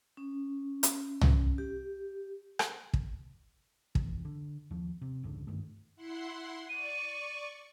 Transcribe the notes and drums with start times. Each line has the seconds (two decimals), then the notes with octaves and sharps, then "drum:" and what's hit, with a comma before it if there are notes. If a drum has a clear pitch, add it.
0.17 C#4
0.83 drum: hi-hat
1.21 drum: tom
1.58 G4
2.59 drum: rim click
2.94 drum: kick
3.95 F1 B1 F#2 E3, drum: kick
4.25 D3
4.71 D#2 F3
5.02 C3
5.23 F1 C#2 G#2 D3
5.47 G2 D#3 A3
5.96 E4 F#5 C6
6.69 D5 C#6 D#7